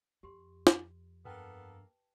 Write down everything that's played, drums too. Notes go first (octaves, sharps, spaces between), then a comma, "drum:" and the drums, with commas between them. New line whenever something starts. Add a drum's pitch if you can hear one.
F2 G4 C6
drum: snare
G2 A#3 B3 A4 B4 G5 A5